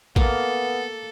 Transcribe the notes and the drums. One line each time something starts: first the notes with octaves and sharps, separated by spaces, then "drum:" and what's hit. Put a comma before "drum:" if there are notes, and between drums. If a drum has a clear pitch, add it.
A#3 B3 A4, drum: kick